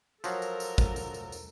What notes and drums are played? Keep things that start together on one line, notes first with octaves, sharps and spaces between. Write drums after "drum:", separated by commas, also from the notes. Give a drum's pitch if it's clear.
F3 F#3 A4 A#4, drum: tambourine
drum: tambourine
drum: tambourine
drum: kick, tambourine
drum: tambourine
drum: tambourine
drum: tambourine